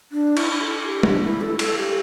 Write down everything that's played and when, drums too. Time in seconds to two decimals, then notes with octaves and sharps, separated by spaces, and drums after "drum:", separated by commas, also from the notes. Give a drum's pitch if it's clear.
0.12 D4
0.37 E4, drum: cymbal
0.61 A4
0.85 G4
1.03 D4, drum: tom
1.23 E4
1.41 A4
1.59 A4, drum: cymbal
1.78 G4